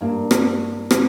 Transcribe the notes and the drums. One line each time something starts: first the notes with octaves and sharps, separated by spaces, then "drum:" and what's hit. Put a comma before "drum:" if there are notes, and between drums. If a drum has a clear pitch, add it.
G2 A#3
drum: rim click
drum: rim click